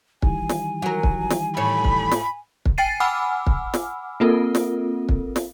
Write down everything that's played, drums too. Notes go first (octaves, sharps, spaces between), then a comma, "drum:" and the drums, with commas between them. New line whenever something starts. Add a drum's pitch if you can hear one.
D#3 E3 G3 G#5, drum: kick
drum: snare
F#3 A#4
drum: kick
drum: snare
A2 C#5 B5
drum: kick
drum: snare
drum: kick
G5 G#5 A6 C7 D#7
F#5 G#5 B5 D6 E6 F6
drum: kick
drum: snare
A#3 C4 F4 A4 A#4
drum: snare
drum: kick
drum: snare